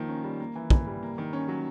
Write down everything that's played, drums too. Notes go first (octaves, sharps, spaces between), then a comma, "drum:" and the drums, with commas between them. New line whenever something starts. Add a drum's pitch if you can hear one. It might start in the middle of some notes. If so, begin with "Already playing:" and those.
Already playing: D#3 F3 A#3
C#4
G3
A#3
E3
E3, drum: kick
G3
A#3
D#3
C#4
F#3